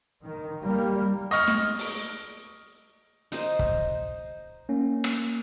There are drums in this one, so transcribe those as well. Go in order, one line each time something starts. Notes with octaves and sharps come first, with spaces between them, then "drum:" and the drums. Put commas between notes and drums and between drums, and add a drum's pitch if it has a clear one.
D#3
G3 A#3
D#5 C#6 F6
drum: snare
drum: open hi-hat
D#4 C5, drum: hi-hat
drum: kick
A#3 C#4
drum: rim click